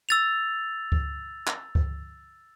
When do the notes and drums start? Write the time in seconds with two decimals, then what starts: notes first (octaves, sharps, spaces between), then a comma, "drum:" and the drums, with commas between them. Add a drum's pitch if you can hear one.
0.09 E6 A6 F7
0.92 drum: kick C#2
1.47 drum: clap
1.75 drum: kick C#2